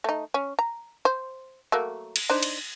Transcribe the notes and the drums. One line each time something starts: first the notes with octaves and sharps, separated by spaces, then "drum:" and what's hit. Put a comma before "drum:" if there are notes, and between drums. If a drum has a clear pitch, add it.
A3 D#4
C#4
A#5
C5
F#3 A3 A#3
drum: cymbal
D4 D#4 C5
drum: cymbal